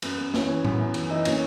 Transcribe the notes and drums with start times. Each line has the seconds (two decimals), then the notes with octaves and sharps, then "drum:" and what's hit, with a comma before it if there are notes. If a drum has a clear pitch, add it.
0.02 F#2 B3, drum: cymbal
0.18 F#2
0.34 E3 C#4, drum: snare
0.48 E3
0.65 F#2 B3, drum: tom A2
0.79 F#2
0.94 E3, drum: cymbal
1.09 E3 D#4
1.25 A#2 C#4, drum: cymbal